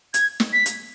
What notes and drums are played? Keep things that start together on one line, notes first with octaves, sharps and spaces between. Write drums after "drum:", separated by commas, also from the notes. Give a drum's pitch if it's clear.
G#6, drum: hi-hat
drum: snare
B6
drum: hi-hat